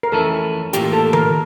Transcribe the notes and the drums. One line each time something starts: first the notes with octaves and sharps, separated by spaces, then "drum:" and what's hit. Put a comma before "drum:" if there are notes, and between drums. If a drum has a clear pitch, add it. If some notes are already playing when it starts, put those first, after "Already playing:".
A#4
F2 E3 A3 C#4 E4 A4
A2 E3 A#3 D4 F4 G4, drum: hi-hat
A4
A#4, drum: tom D#3